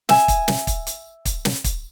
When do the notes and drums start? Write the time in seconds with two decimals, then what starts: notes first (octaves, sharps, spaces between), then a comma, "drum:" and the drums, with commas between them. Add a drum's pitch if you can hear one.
0.09 E5 G#5, drum: snare
0.28 drum: kick, hi-hat
0.48 drum: snare
0.67 drum: kick, hi-hat
0.87 drum: hi-hat
1.25 drum: kick, hi-hat
1.45 drum: snare
1.64 drum: kick, hi-hat